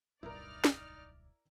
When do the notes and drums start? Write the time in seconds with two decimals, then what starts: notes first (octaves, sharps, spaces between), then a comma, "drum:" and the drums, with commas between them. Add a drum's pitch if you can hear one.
0.23 D1 B1 G2 D#4 E4 A#4 D5 F6
0.64 drum: snare